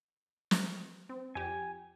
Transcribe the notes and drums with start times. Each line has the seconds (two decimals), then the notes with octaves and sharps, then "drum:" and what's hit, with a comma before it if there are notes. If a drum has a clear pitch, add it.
0.51 drum: snare
1.09 C4
1.35 F2 G4 G#5